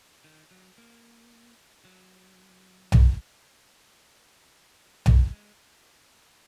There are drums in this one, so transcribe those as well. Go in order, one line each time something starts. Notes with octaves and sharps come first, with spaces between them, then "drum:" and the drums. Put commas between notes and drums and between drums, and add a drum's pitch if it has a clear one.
D#3
F#3
A#3
F#3
drum: tom B1
B3, drum: tom B1
G#3